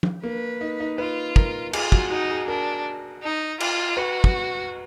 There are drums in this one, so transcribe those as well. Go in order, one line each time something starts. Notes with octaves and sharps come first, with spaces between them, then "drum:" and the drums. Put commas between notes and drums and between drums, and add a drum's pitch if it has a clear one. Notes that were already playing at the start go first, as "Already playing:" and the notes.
drum: tom
A#3 B4
D#4
D#4
F4 B4
A#4, drum: kick
F4 G#4, drum: cymbal
F#4, drum: kick
D#4 F#4
G#4
D4 A#4
D#4
F4, drum: cymbal
F#4 B4
drum: kick